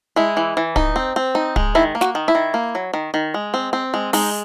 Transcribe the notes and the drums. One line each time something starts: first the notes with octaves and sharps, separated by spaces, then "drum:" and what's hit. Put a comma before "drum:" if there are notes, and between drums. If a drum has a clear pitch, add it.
G#3 E4
E3
E3
D#4, drum: kick
C4
C4
D#4
G#3, drum: kick
D#3 E4
A#3
F#4, drum: snare
D#3
E4
D#3
A#3
F#3
D#3
D#3
G#3
C4
C4
G#3
G#3 D#4, drum: open hi-hat